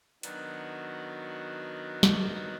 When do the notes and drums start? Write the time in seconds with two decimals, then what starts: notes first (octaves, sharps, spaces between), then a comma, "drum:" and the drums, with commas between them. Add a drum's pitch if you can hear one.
0.23 D#3 F#3 B3 D4 F#4, drum: hi-hat
2.03 drum: snare